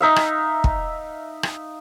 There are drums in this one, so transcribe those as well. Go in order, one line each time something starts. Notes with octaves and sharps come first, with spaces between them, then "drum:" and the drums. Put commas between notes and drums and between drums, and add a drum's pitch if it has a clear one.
D#4 E5 F5
drum: rim click
drum: kick
drum: rim click